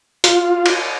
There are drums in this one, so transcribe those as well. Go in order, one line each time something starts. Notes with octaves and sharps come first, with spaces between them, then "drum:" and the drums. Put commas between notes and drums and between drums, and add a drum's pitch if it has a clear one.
F4, drum: hi-hat
drum: cymbal